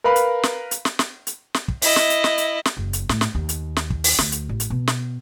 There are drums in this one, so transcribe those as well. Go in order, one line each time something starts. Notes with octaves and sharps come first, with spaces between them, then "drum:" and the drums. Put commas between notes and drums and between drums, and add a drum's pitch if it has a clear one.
A#4 B4 F5 B5
drum: hi-hat
drum: snare
drum: hi-hat
drum: snare
drum: snare
drum: hi-hat
drum: snare
drum: kick
E4 D#5, drum: open hi-hat
drum: snare
drum: hi-hat
drum: snare
drum: hi-hat
drum: snare
F#1
drum: hi-hat
A2, drum: snare
drum: snare
D#2
drum: hi-hat
drum: snare
drum: kick
drum: open hi-hat
D2, drum: snare
drum: hi-hat
A1
drum: hi-hat
B2
drum: snare